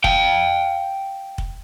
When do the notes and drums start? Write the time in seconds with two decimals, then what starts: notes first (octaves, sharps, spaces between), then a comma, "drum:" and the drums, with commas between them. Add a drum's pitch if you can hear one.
0.04 F5 G5, drum: kick
1.38 drum: kick